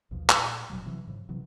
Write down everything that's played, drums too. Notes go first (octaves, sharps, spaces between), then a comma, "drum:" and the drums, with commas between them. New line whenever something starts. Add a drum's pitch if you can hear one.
A#1 D#2 B2 F3
A#2, drum: clap
F#1 B2 F#3 G3
C3 E3 F#3
G#2 C#3
C3 E3 F#3